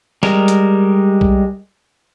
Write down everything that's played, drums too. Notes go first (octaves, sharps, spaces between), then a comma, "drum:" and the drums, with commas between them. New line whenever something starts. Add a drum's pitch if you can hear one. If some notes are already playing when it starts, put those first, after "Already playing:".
G3 G#3 A#4, drum: snare
drum: hi-hat
drum: kick B1